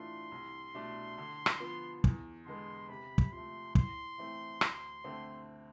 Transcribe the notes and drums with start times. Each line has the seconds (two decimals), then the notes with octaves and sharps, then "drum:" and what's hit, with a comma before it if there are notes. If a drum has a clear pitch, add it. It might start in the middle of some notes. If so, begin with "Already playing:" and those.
Already playing: A2 E3 A3 D4 F4 C6
0.32 C2
0.74 B2 A3 D4
1.18 D3
1.46 drum: rim click
1.60 F3 B3
2.04 E2, drum: kick
2.46 D3 G#3 B3 C6
2.89 C3 B5
3.18 drum: kick
3.32 F3 C6
3.37 A3
3.75 A2 C6, drum: kick
4.18 E3 A3 C4
4.61 D2, drum: rim click
5.04 D3 A3 C4